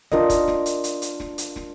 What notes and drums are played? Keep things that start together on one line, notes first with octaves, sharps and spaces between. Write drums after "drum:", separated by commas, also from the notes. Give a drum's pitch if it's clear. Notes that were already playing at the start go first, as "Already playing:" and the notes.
D4 F4 A#4 D#5, drum: snare
drum: kick, hi-hat
drum: snare
drum: hi-hat
drum: hi-hat
drum: hi-hat
drum: snare
drum: hi-hat
drum: snare